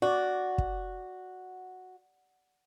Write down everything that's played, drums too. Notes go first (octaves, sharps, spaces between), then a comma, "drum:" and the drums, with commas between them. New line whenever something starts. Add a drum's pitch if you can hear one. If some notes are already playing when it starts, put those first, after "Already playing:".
F#4 D5
drum: kick